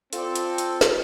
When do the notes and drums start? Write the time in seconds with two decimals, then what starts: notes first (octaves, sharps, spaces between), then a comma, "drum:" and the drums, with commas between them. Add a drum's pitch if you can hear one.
0.13 C4 F4 A4 D5, drum: hi-hat
0.35 drum: hi-hat
0.58 drum: hi-hat
0.81 drum: snare